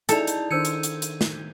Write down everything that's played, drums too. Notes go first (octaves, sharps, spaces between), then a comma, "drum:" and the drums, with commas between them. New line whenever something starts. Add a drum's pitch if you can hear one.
D#4 E4 G#4 A4 D5, drum: hi-hat
drum: hi-hat
D#3 D4 C5 E6 G6 G#6 C#7 D#7
drum: hi-hat
drum: hi-hat
drum: hi-hat
drum: snare